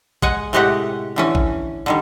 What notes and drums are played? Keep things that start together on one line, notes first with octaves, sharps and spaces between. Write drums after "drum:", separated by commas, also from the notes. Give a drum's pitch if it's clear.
G#3 F#5 G#5, drum: kick A1
A2 C3 G#3 F#4 G4 F#5
D3 E3 C#4
drum: kick A1
D3 D#3 G3